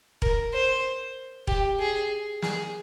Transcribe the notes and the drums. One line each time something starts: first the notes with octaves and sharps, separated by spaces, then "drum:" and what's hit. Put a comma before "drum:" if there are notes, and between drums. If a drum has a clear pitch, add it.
A#4, drum: kick E1
C5
G4, drum: kick E1
G#4
G#4, drum: snare